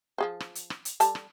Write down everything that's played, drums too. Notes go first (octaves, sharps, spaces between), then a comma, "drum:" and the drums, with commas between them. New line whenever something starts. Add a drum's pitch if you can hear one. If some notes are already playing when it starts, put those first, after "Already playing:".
F3 G#4 C5
drum: rim click
drum: hi-hat
drum: rim click
drum: hi-hat
G3 A4 A5, drum: hi-hat
drum: rim click